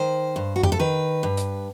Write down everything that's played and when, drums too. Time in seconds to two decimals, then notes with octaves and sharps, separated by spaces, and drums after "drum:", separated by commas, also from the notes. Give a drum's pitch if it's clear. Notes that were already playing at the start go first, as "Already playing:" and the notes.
Already playing: D#3 C5
0.36 G2
0.56 F#4
0.63 G4, drum: tom F2
0.72 A4
0.79 D#3 B4
1.23 G2
1.37 drum: hi-hat